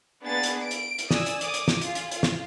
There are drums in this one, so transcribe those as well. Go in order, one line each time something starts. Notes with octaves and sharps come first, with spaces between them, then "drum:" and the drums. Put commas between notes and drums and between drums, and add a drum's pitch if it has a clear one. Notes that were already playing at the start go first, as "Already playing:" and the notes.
A#3 B3 D4 G#4 B4 A6
drum: hi-hat
D7
drum: hi-hat
drum: hi-hat
D5 G#5 D#6 E6, drum: snare
drum: hi-hat
D6 D#6, drum: hi-hat
drum: hi-hat
drum: snare
F4 G#4, drum: hi-hat
drum: hi-hat
F4, drum: hi-hat
drum: snare